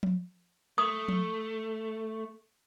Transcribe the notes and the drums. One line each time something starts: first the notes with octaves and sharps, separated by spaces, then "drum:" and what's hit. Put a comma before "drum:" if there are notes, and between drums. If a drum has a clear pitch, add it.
drum: tom F3
A3 D#6
drum: tom F3